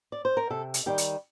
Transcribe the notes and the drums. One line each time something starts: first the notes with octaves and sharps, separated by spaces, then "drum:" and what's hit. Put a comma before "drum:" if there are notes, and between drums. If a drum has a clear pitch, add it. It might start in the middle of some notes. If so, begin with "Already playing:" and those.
D5
C5
A#4
C3 A4
drum: hi-hat
D#3 G3 G4
drum: hi-hat